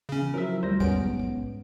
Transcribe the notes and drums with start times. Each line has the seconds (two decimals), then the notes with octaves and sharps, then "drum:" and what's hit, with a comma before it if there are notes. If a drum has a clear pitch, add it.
0.09 C#3 C#4
0.21 drum: tom E3
0.34 F3 F#3 E4 A#4 E5
0.63 D2 G3 A#4 C5 A#6
0.80 B1 E2 G#2 G3 B3 C#4 D7, drum: kick
1.00 drum: tom F2
1.20 drum: kick